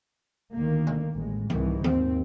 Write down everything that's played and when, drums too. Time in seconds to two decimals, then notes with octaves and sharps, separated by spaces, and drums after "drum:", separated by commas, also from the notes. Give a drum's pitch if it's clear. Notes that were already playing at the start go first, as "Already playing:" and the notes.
0.53 D2 D#3 A#3
0.87 drum: tom
1.13 A1 A2 G#3
1.50 C2 G#2 D#3 E3, drum: tom D#3
1.84 D#2 G#2 C4, drum: tom D#3